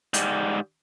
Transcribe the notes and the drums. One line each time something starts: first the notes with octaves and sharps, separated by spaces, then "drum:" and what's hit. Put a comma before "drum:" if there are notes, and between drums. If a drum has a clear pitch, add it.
G#2 G3, drum: hi-hat